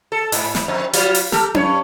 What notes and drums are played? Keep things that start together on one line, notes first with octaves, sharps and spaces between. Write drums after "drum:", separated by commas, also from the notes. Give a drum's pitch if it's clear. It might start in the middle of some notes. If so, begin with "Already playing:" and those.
A4
G#2, drum: open hi-hat
drum: snare
F2 C4
F#3 G3 F4, drum: hi-hat
drum: open hi-hat
G4 A4 A#4, drum: snare
G2 C#5, drum: tom C#4